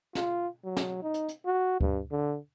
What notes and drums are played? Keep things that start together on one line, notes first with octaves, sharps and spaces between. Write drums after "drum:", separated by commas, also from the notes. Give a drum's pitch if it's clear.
F4, drum: snare
F#3
drum: snare
D#4
drum: hi-hat
drum: hi-hat
F#4
G2, drum: kick D2
D3